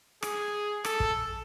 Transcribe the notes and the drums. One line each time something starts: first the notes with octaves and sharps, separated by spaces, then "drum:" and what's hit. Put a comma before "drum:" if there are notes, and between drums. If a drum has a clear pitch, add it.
G#4, drum: rim click
A4, drum: rim click
drum: kick